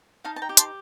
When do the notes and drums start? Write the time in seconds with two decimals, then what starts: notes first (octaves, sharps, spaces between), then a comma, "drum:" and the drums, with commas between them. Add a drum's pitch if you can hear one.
0.24 D#4 F5 A5
0.36 A5
0.42 G5 A#5
0.49 G4
0.57 A5 C6, drum: hi-hat